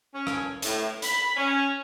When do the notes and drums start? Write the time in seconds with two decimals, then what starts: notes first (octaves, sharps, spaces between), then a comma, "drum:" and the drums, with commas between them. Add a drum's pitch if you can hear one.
0.14 C#4
0.27 drum: rim click
0.62 A2, drum: hi-hat
1.02 B5, drum: hi-hat
1.37 C#4